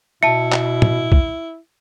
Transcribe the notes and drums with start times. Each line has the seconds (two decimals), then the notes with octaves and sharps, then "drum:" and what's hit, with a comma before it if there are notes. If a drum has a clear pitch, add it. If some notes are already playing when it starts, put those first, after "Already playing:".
0.23 B2 E4 E5 A5 C#7
0.52 drum: clap
0.82 drum: tom
1.12 drum: kick